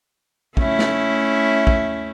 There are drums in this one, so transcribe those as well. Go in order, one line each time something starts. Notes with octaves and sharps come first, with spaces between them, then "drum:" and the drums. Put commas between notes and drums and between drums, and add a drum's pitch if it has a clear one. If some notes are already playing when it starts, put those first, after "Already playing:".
A3 C#4 E4, drum: kick
drum: snare
drum: kick